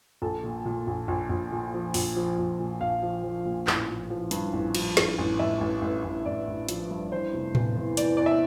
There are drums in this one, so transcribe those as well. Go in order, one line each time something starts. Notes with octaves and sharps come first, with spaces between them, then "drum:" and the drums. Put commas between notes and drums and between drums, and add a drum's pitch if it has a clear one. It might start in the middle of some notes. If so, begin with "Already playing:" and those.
A#1 A4
A#2
A#2
A#1
A#1
A#1
A#2
F3
A#1, drum: open hi-hat
F3
A#1
A#2
A#1 F5
F3
F3
A#2
A1, drum: clap
F3
F3
G2, drum: hi-hat
A1
F3, drum: cymbal
G2, drum: snare
A1
A1 E5
A1
A1
A1
A1 D5
A1
F3, drum: hi-hat
G2
E3 C5
F1
E2, drum: tom A2
E3
E3 D5, drum: hi-hat
E2 D5
E5